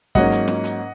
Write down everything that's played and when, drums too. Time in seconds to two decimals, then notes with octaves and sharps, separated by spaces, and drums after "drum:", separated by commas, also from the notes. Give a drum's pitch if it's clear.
0.15 G#2 F#3 A#3 C#4 D#5 F#5, drum: kick, hi-hat
0.32 drum: hi-hat
0.48 drum: snare
0.64 drum: hi-hat